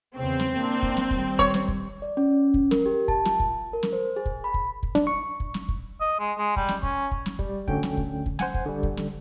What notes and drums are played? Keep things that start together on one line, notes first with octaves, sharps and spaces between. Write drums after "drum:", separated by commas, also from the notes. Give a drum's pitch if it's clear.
E2 C#3 C4
drum: snare
A#3 D4
drum: kick
drum: snare
D#3 G3, drum: kick
C#5, drum: kick
drum: snare
drum: kick
D5
C#4
drum: kick
A#4, drum: snare
G4
A5, drum: kick
F4, drum: snare
drum: kick
A#4
drum: snare
C5
G#4
drum: kick
B5
drum: kick
drum: kick
D4, drum: snare
C#6
drum: kick
drum: snare
drum: kick
D#5
G#3
G#3
G3, drum: kick
drum: snare
C#4, drum: kick
drum: kick
drum: snare
G3, drum: kick
D2 D3 C#4 G5, drum: kick
drum: snare
drum: kick
drum: kick
C5 F#5 G#5, drum: snare
drum: kick
D3 G3
drum: kick
drum: snare